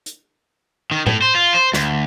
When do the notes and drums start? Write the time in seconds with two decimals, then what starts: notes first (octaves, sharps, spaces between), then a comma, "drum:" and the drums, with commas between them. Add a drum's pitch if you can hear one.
0.06 drum: hi-hat
0.91 D#3
1.07 A2, drum: tom A2
1.22 C5
1.35 F4
1.55 C5
1.73 D2, drum: snare